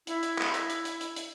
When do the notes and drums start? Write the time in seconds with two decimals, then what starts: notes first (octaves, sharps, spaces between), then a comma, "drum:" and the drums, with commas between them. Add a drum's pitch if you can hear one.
0.07 E4, drum: hi-hat
0.23 drum: hi-hat
0.38 drum: clap
0.54 drum: hi-hat
0.70 drum: hi-hat
0.85 drum: hi-hat
1.01 drum: hi-hat
1.16 drum: hi-hat